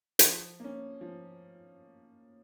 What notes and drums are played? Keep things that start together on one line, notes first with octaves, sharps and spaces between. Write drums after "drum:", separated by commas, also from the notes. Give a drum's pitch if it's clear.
F3, drum: hi-hat
A#3 C#4
F3